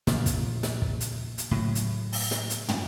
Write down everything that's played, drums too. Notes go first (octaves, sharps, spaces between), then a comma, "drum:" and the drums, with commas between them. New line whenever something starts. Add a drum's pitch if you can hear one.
A#2 C#3 F3, drum: snare
drum: kick, hi-hat
drum: snare
drum: kick
drum: hi-hat
drum: hi-hat
A2 C#3 F#3
drum: hi-hat
drum: open hi-hat
drum: snare
drum: hi-hat
drum: tom